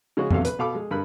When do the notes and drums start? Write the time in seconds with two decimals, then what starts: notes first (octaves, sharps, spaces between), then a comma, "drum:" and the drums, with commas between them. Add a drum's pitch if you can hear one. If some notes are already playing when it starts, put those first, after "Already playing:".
0.17 C#3 G#3 C#4 F#4
0.31 A#1 E2 C3 F#3 A4 F5, drum: tom F2
0.45 B4, drum: hi-hat
0.59 B2 A4 F5 B5 D6
0.75 G#3
0.91 G2 D3 A#4 B5 F#6